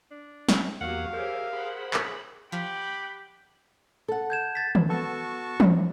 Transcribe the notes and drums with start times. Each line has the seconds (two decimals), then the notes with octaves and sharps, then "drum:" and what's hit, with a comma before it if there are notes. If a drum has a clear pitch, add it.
0.11 D4
0.49 drum: snare
0.81 E2 F#3 A#3 G4 F5 F#5
1.13 G4 G#4 A#4 C5 C#5 E5
1.53 G#4 C5 F#5 B5
1.94 drum: clap
2.52 F3 G4 F#5 G5 B5
4.08 A4 F#5
4.30 G6 G#6 E7
4.55 G#6 A6 B6
4.75 drum: tom
4.89 B3 F#4 A4 A5 C#6 E6
5.60 drum: tom